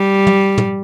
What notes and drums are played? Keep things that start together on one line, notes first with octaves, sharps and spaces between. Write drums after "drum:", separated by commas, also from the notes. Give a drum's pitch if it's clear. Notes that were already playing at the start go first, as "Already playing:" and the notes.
Already playing: G3
drum: tom
drum: tom